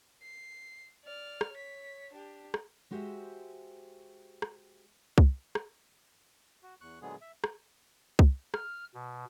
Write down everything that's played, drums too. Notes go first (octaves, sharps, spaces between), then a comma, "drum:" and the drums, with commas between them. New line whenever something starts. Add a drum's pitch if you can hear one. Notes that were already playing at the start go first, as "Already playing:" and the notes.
C7
D5 F6
drum: rim click
C#5 B6
D4 G4
drum: rim click
G#3 F#4 G4 C5 E5
drum: rim click
drum: kick C2
drum: rim click
F#4
E2 C#6 F#6
A#2 D3 F#3 G#3 B3 G#4
E5
drum: rim click
drum: kick C2
F6, drum: rim click
B2